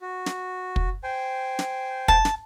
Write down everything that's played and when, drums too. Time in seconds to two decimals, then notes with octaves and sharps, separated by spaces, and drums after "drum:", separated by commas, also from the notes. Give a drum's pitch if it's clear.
0.02 F#4
0.26 drum: snare
0.76 drum: kick
1.03 C5 G5 G#5
1.59 drum: snare
2.08 A5, drum: kick
2.25 drum: snare